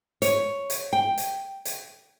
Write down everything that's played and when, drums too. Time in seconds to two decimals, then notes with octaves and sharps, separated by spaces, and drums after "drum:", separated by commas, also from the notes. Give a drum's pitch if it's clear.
0.22 C#5, drum: hi-hat
0.70 drum: hi-hat
0.93 G5
1.18 drum: hi-hat
1.65 drum: hi-hat